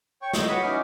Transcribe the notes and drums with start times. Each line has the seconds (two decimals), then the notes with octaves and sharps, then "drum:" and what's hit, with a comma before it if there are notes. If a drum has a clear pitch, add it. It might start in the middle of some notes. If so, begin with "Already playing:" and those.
0.22 C#5 G5 C#6
0.33 D#5 E6 G6, drum: snare
0.49 F#4 B4 C#5 B5 D#6
0.63 C#4 D#4 E4 F#4 D6 F6